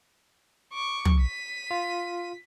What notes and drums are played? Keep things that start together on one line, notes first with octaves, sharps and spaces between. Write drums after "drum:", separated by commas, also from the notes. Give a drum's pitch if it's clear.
C#6 D6
drum: tom
B6 D#7
F4